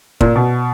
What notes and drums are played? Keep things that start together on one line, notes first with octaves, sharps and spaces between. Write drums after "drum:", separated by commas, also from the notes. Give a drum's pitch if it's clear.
A#2, drum: kick
B2